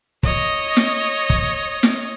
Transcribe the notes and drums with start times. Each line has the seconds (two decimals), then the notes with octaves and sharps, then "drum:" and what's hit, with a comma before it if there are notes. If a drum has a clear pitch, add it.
0.23 C#5 D#5, drum: kick
0.76 drum: snare
1.30 drum: kick
1.83 drum: snare